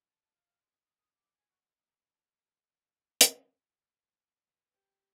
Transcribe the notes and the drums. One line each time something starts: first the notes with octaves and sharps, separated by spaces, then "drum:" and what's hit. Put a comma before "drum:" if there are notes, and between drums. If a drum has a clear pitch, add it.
A5
F5
G#3
D#6
D6
G#5
F#4
D#4
E3
A5
drum: hi-hat
B4
G4